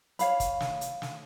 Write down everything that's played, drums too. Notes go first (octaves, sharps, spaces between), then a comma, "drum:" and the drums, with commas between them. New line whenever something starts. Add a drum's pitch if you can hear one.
C#5 F5 B5, drum: hi-hat
drum: kick, hi-hat
drum: snare
drum: hi-hat
drum: snare